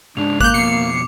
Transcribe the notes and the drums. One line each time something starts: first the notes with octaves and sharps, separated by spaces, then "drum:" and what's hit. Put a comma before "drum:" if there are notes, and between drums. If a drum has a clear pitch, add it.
G#2 C#3 G#3 D4 F7
A#3 D6 F#6 G6, drum: kick G#1
F2 B2 C7 C#7